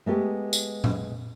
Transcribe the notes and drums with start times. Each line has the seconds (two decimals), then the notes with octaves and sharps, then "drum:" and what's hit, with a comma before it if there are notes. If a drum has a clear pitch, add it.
0.06 G#3 A3 B3 G4
0.53 drum: tambourine
0.84 drum: tom A#2